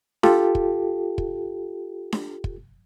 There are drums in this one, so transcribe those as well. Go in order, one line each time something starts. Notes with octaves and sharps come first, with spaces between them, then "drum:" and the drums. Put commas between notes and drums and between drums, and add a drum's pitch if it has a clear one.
F4 G4 A4, drum: snare D4
drum: kick
drum: kick
drum: snare D4
drum: kick